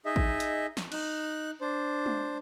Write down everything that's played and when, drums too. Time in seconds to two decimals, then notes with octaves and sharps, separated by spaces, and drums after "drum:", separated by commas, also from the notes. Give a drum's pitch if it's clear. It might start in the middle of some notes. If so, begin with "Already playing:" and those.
0.05 D#4 G#4 D#5 E5
0.16 drum: kick A1
0.40 drum: hi-hat
0.77 drum: snare
0.92 D#4 F#6, drum: cymbal
1.61 D4 C5
2.06 drum: tom G#3